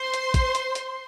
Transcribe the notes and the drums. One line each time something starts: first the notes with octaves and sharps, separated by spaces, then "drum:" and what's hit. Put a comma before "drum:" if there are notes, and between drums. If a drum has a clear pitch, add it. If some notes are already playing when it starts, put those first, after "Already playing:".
Already playing: C5 C6
drum: hi-hat
drum: kick, hi-hat
drum: hi-hat
drum: hi-hat